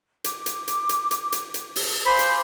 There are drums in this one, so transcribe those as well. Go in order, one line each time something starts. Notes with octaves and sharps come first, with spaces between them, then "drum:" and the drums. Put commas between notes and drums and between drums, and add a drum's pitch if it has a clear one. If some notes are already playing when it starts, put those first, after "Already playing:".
D6, drum: hi-hat
drum: hi-hat
drum: hi-hat
drum: hi-hat
drum: hi-hat
drum: hi-hat
drum: hi-hat
drum: open hi-hat
C5 F5 G#5 B5 D6
drum: hi-hat